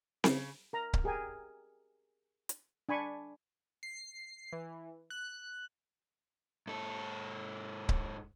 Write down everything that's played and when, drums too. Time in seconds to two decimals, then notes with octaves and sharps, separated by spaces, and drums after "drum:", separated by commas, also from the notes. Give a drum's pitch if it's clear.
0.24 C#3, drum: snare C4
0.73 A#4 A#5
0.93 drum: kick C#1
1.04 G4 G#4 A#4 G5 G#5
2.49 drum: hi-hat
2.89 D4 G#5 B5 C#6
3.83 C7
4.53 E3
5.10 F#6
6.67 G#2 A4
7.89 drum: kick C#1